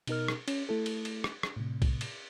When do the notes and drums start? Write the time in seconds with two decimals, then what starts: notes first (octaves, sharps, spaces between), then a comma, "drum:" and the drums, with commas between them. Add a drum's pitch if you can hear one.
0.07 B2 D#4 A#4 F6, drum: cymbal
0.28 drum: rim click
0.48 C#4, drum: cymbal
0.69 A3 E4 A4
0.86 drum: cymbal
1.05 drum: cymbal
1.24 drum: rim click
1.43 drum: rim click
1.56 A2 C3
1.82 drum: kick B1, cymbal
2.01 drum: cymbal